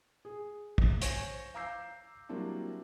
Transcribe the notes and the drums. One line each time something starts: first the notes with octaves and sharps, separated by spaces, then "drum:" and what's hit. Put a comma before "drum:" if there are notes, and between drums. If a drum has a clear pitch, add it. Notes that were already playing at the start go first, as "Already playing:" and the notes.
G#4
drum: kick
C5 C#5 G#5 C#6 G#6 A#6, drum: hi-hat
F5 A#5 D6 E6 G6 C7
F#3 G3 A#3 C4 D4 E4